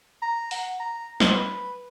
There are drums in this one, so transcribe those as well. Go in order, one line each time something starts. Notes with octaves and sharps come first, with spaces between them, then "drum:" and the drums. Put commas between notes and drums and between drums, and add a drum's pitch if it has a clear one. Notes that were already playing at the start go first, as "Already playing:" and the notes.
A#5
F#5, drum: open hi-hat
A#5
C5, drum: snare
B4